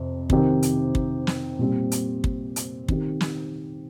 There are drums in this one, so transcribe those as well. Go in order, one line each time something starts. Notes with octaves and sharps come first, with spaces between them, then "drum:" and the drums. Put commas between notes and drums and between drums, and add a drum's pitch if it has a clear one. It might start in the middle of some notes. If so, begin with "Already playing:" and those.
Already playing: F2 C3
C3 D#3 C4 D#4 G4, drum: kick
drum: hi-hat
drum: kick
drum: snare
A#2 G3 C4 G4
drum: hi-hat
drum: kick
drum: hi-hat
D#3 C4 G4, drum: kick
drum: snare